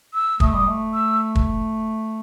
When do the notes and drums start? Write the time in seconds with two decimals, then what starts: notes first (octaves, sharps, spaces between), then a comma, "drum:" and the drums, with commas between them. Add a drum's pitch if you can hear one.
0.14 E6
0.40 A3 D#6, drum: kick
0.54 G3
0.67 A3
0.94 E6
1.35 drum: kick